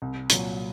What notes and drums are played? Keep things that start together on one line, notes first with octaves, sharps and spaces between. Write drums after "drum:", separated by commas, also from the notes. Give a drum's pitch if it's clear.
C2
A#2 F#3, drum: hi-hat